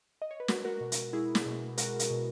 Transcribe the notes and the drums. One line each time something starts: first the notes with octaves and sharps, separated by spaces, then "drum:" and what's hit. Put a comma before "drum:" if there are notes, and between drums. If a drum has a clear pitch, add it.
D#5
C#5
B4
G#3 F#4 A#4, drum: snare
F#4 A#4
B2
drum: hi-hat
G#3 E4 G#4
drum: snare
B2
G#3 F#4 A#4, drum: hi-hat
drum: hi-hat
B2